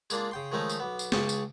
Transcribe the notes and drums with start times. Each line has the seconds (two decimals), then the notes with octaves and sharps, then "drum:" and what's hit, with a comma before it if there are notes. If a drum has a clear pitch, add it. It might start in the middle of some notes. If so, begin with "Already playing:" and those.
0.10 G#3 A#3 D4 F4, drum: tambourine
0.31 C#3 G5 C6
0.52 D#3 F3 G#3 A3 C#4 D#4
0.70 drum: tambourine
0.80 B1 B3
0.99 drum: tambourine
1.12 C#2 C#3 G#3 G5 A5 C#6, drum: snare
1.29 drum: tambourine